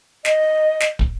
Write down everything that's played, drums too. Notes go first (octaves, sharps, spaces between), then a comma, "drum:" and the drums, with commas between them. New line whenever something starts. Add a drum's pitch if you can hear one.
D#5, drum: snare
drum: snare
drum: kick